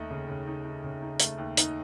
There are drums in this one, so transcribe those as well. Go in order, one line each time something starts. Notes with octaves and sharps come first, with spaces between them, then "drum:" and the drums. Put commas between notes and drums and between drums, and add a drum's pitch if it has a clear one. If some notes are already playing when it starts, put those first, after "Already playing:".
Already playing: D#2 A3 D#4
C#3
C#3
D#4
D#4
C#3
D#4
A3, drum: hi-hat
D#2
D#4, drum: hi-hat